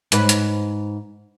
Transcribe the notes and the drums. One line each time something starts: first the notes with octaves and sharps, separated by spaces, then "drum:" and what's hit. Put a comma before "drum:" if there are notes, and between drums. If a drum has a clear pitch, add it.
G#2 B4, drum: hi-hat
drum: hi-hat